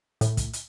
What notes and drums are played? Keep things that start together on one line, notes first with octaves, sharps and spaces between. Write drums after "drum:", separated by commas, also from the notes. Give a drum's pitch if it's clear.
A2, drum: hi-hat
drum: kick, hi-hat
drum: hi-hat